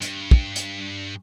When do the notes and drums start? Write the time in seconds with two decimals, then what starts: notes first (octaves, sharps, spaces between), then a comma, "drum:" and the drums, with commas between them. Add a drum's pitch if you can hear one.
0.02 G2, drum: hi-hat
0.31 drum: kick
0.56 drum: hi-hat